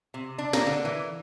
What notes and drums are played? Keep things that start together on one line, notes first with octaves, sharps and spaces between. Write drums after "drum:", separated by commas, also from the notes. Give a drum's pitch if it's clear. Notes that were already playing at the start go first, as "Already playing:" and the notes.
C3
D4
A#3, drum: snare
D3
E3